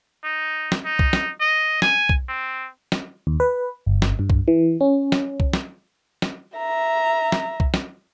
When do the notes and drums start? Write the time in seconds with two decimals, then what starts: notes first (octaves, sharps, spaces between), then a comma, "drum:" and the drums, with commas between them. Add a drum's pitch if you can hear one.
0.24 D#4
0.72 drum: snare
0.85 D#4
0.99 drum: kick
1.13 drum: snare
1.41 D#5
1.82 G#5, drum: snare
2.09 drum: kick
2.29 C4
2.92 drum: snare
3.27 D#2
3.40 B4
3.86 G1
4.02 drum: snare
4.19 G2
4.30 drum: kick
4.48 E3
4.81 C#4
5.12 drum: snare
5.40 drum: kick
5.53 drum: snare
6.22 drum: snare
6.57 E5 A#5
7.32 drum: snare
7.60 drum: kick
7.74 drum: snare